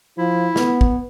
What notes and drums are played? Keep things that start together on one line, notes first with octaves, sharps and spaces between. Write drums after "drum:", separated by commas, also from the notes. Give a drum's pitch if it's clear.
F3 E4
B3, drum: snare
drum: kick